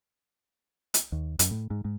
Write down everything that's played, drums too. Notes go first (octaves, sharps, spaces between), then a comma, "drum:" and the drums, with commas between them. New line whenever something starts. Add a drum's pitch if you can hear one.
drum: hi-hat
D#2
F#2, drum: hi-hat
A2
G#2
G#2